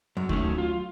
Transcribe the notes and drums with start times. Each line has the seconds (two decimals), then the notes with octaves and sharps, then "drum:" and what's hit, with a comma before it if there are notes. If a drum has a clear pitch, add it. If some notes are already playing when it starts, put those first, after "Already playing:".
0.17 F#2 F#3
0.29 D#3 A3 C#4, drum: kick D2
0.58 F4